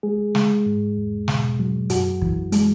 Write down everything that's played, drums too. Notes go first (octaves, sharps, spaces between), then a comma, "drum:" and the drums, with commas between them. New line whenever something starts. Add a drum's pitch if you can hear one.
G#3 G#4
G#3, drum: snare
G#2
E2
B2, drum: snare
F#3
F#2 F#4, drum: hi-hat
E3, drum: kick
G#3, drum: hi-hat